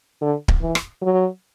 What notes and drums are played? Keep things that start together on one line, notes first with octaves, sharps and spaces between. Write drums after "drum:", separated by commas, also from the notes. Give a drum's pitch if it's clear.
D3
drum: kick D1
E3
drum: rim click
F#3